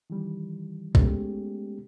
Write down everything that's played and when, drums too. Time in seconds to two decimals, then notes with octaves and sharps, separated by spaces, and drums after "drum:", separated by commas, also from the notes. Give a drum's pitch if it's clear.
0.10 D#3 E3 G3
0.95 G#3 A3 B3 C#4 G4, drum: kick